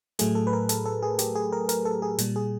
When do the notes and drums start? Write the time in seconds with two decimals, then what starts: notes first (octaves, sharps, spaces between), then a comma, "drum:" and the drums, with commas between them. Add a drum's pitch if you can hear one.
0.19 A2 F#3 A3 G#4, drum: hi-hat
0.35 A4
0.47 B4
0.53 A#4
0.69 A4, drum: hi-hat
0.86 A4
1.03 G#4
1.19 G4, drum: hi-hat
1.35 G#4
1.53 A#4
1.69 A#4, drum: hi-hat
1.85 A4
2.02 G#4
2.18 A#2 G3, drum: hi-hat
2.36 G#4